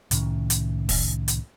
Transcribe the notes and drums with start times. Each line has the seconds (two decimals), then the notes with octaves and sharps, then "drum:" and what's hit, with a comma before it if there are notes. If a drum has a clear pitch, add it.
0.11 C2 A2 D#3 C#4, drum: hi-hat
0.50 drum: hi-hat
0.89 drum: kick, open hi-hat
1.28 drum: hi-hat